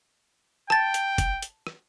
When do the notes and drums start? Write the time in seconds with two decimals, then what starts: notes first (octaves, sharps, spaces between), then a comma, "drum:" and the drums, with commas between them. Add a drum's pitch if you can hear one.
0.70 G5 A5 A6, drum: rim click
0.94 drum: hi-hat
1.18 drum: kick, hi-hat
1.42 drum: hi-hat
1.67 drum: rim click